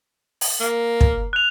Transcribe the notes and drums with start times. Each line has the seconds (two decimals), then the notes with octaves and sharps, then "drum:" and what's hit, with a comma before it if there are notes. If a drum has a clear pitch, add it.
0.41 drum: open hi-hat
0.60 A#3
1.01 drum: kick
1.33 F#6 F7